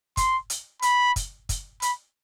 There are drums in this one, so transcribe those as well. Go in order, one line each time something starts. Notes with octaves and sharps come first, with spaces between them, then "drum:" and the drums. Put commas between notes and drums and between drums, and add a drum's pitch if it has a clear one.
C6, drum: kick, hi-hat
drum: hi-hat
B5, drum: hi-hat
drum: kick, hi-hat
drum: kick, hi-hat
B5, drum: hi-hat